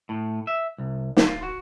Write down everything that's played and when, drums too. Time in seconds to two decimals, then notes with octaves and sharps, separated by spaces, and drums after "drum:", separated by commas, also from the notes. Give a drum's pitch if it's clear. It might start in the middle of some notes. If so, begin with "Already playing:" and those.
0.09 A2
0.47 E5
0.78 C2
1.17 drum: snare
1.27 F4
1.43 F#4